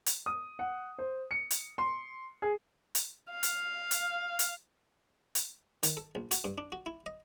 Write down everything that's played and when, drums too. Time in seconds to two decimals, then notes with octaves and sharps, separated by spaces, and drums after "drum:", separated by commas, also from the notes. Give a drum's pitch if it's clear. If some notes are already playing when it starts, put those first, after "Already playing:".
0.06 drum: hi-hat
0.26 D#6
0.59 F#5
0.99 C5
1.31 C#7
1.51 drum: hi-hat
1.78 C6
2.42 G#4
2.95 drum: hi-hat
3.31 F5
3.43 drum: hi-hat
3.91 drum: hi-hat
4.39 drum: hi-hat
5.35 drum: hi-hat
5.83 D#3, drum: hi-hat
5.97 A4
6.15 A#1
6.31 F#4, drum: hi-hat
6.44 G2
6.58 D4
6.72 F#4
6.86 E4
7.06 D#5